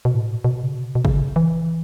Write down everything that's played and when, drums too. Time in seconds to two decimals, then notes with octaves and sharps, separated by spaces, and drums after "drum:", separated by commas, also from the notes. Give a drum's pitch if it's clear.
0.05 B2
0.14 A2
0.44 B2
0.63 C#3
0.75 B2
0.95 B2
1.05 C#3, drum: kick
1.36 E3